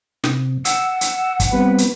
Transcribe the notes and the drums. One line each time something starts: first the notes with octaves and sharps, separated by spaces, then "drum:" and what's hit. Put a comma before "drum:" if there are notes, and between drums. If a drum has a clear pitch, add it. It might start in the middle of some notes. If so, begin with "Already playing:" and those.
C3, drum: snare
F#5 E6, drum: hi-hat
drum: hi-hat
drum: kick, hi-hat
G3 B3 C4 B4
drum: hi-hat